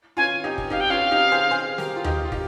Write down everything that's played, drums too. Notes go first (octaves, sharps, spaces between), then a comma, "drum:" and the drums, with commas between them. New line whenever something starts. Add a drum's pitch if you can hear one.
C#4 F4 G#5
D#4 G4
drum: kick
D#4 G4 F5
G5
C#4 F4 F5
D#4 G4
G#4 C5
G#4 C5
G4 A#4, drum: snare
F4
D#4 G4, drum: tom D#2
F4
D#4 G4, drum: kick